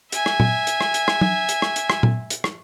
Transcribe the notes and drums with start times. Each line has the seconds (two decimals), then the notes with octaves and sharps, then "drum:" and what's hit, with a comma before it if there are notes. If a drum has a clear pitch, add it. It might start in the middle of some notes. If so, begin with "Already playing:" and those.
0.12 E5 G#5, drum: hi-hat
0.26 drum: rim click
0.40 drum: tom A#2
0.67 drum: hi-hat
0.81 drum: rim click
0.94 drum: hi-hat
1.08 drum: rim click
1.21 drum: tom
1.49 drum: hi-hat
1.62 drum: rim click
1.76 drum: hi-hat
1.90 drum: rim click
2.03 drum: tom A#2
2.30 drum: hi-hat
2.44 drum: rim click